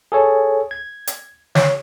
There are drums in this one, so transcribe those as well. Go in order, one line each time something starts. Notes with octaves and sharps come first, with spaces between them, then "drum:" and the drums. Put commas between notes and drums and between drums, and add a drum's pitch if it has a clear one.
G#4 A4 C#5
G#6
drum: hi-hat
C#5, drum: snare